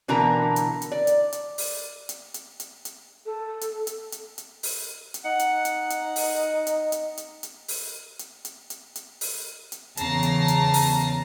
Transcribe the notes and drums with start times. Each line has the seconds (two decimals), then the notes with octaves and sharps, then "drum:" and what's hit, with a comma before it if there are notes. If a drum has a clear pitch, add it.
0.08 B2 D3 E3 A4 A#4 A#5
0.56 drum: hi-hat
0.82 drum: hi-hat
0.92 D5
1.07 drum: hi-hat
1.32 drum: hi-hat
1.58 drum: open hi-hat
2.09 drum: hi-hat
2.34 drum: hi-hat
2.60 drum: hi-hat
2.85 drum: hi-hat
3.26 A4
3.61 drum: hi-hat
3.87 drum: hi-hat
4.12 drum: hi-hat
4.38 drum: hi-hat
4.63 drum: open hi-hat
5.14 drum: hi-hat
5.25 D#4 F#5
5.39 drum: hi-hat
5.65 drum: hi-hat
5.90 drum: hi-hat
6.16 drum: open hi-hat
6.67 drum: hi-hat
6.92 drum: hi-hat
7.18 drum: hi-hat
7.43 drum: hi-hat
7.68 drum: open hi-hat
8.19 drum: hi-hat
8.45 drum: hi-hat
8.70 drum: hi-hat
8.96 drum: hi-hat
9.21 drum: open hi-hat
9.72 drum: hi-hat
9.97 E2 C#3 A5 A#5 A#6 C7, drum: hi-hat
10.23 drum: hi-hat
10.48 drum: hi-hat
10.74 drum: open hi-hat